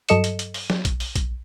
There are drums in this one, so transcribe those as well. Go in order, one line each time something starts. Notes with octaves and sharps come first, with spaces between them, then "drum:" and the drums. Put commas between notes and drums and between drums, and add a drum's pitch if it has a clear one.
G2 F#3 A4 D#5 C#7 E7, drum: hi-hat
drum: hi-hat
drum: hi-hat
drum: open hi-hat
drum: snare F#3
drum: kick, hi-hat
drum: open hi-hat
drum: kick, hi-hat